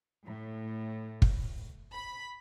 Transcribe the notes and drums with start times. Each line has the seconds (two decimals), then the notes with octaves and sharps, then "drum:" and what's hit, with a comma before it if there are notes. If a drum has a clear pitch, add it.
0.24 A2
1.22 drum: kick
1.94 B5